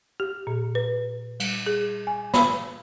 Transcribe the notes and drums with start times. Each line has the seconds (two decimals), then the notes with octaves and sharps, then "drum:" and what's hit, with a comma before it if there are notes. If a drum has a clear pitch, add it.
0.20 G4
0.47 A#2
0.75 B4
1.40 G3, drum: cymbal
1.66 G#4
2.07 G#5
2.34 B5, drum: snare